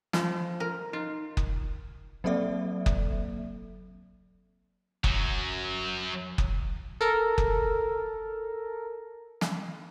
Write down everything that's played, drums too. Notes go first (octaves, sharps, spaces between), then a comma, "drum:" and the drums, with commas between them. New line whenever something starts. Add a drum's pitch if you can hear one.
F3 F4, drum: snare
A#4
D#4 F4
drum: kick F#1
F#3 A#3 C4 A4 D5 E5
drum: kick F#1
F#2 F#3, drum: kick F#1
drum: kick F#1
A4 A#4
drum: kick F#1
drum: snare